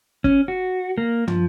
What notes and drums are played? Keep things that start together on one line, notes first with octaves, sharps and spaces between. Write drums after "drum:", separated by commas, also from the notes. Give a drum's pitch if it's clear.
C#4, drum: kick
F#4
A#3
F3, drum: tom